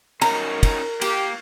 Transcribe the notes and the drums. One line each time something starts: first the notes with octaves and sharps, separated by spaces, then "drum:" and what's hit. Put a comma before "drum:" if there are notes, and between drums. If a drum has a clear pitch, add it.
C#4 D#4 F#4 A#4 A#5, drum: cymbal
drum: kick, cymbal
A#3 G4, drum: cymbal